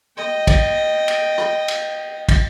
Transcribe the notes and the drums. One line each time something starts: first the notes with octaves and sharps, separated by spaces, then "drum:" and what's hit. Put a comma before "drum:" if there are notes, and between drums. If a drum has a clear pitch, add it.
D#5 G5
drum: kick, cymbal
drum: cymbal
drum: rim click
drum: cymbal
drum: kick, cymbal